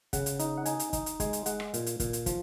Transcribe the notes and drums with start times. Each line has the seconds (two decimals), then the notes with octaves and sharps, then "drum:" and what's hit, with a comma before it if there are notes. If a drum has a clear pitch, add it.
0.13 C#3 F#5, drum: kick, hi-hat
0.26 drum: hi-hat
0.39 D#4, drum: hi-hat
0.57 F#5
0.66 D#4 G#5, drum: hi-hat
0.79 drum: hi-hat
0.93 D#4, drum: kick, hi-hat
1.06 drum: hi-hat
1.20 G#3 G#5, drum: kick, hi-hat
1.33 drum: hi-hat
1.46 G#3 F#5, drum: hi-hat
1.60 drum: rim click
1.74 A#2, drum: hi-hat
1.86 drum: hi-hat
2.00 A#2, drum: kick, hi-hat
2.13 drum: hi-hat
2.26 F3, drum: kick, hi-hat